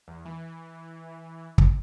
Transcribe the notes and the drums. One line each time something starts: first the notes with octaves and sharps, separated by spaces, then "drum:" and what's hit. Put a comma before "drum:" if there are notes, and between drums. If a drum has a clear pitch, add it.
E2
E3
drum: kick